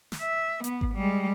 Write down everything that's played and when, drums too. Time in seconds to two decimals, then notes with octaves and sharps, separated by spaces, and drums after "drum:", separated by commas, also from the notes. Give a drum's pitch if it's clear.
0.12 drum: snare
0.21 E5
0.64 B3, drum: hi-hat
0.81 drum: kick G#1
0.95 G3 G#3